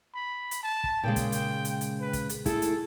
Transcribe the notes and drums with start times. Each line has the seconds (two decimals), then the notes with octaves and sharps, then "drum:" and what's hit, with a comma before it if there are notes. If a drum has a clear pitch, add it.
0.15 B5
0.51 drum: hi-hat
0.63 A5
0.84 drum: kick
1.03 A#2 C#3 G#3 G5
1.16 drum: kick, hi-hat
1.32 drum: hi-hat
1.65 drum: hi-hat
1.81 drum: hi-hat
2.01 B4
2.13 drum: kick, hi-hat
2.29 drum: hi-hat
2.46 A3 E4 G#4 A4, drum: kick, hi-hat
2.62 drum: hi-hat